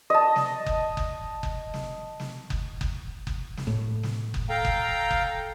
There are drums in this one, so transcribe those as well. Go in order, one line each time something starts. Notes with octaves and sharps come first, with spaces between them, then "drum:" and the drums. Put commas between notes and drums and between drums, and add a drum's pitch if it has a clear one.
D#5 A5
drum: snare
drum: kick F#1
drum: kick F#1
drum: kick F#1
drum: snare
drum: snare
drum: kick F#1
drum: kick F#1
drum: kick F#1
drum: snare
A2
drum: snare
drum: kick F#1
A4 F5 G5 A#5
drum: kick F#1
drum: kick F#1